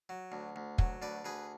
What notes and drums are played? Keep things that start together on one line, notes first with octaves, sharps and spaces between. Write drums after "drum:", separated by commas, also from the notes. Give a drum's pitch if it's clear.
F#3
D2
D2
F#3, drum: kick
D2 B4 D5
D2 G#4 B4